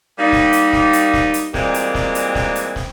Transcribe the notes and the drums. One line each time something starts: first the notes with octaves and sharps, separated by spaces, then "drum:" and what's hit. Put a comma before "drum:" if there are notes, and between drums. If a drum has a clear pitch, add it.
G3 A#3 D#4
drum: snare
drum: hi-hat
drum: snare
drum: hi-hat
drum: snare
drum: hi-hat
A#2 E3 G3 G#3 A#3 C4, drum: snare
drum: hi-hat
drum: snare
drum: hi-hat
drum: snare
drum: hi-hat
drum: snare